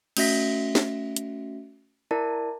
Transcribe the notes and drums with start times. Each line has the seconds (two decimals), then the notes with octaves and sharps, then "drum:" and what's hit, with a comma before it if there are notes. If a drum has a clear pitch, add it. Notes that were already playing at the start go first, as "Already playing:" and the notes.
0.17 A3 C#4 F#4 E5 A#6 B6, drum: cymbal
0.75 drum: snare
1.16 drum: hi-hat
2.11 E4 A#4 D5 A5